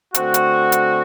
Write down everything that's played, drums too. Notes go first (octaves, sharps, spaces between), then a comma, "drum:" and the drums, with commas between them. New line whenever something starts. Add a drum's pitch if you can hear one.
D3 A3 C4 F#4, drum: hi-hat
drum: hi-hat
drum: hi-hat